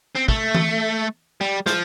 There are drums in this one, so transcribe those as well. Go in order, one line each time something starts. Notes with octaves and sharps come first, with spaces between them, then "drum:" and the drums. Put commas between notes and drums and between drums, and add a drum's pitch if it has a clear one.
C4
A3, drum: kick
drum: tom E3
G3
F3, drum: snare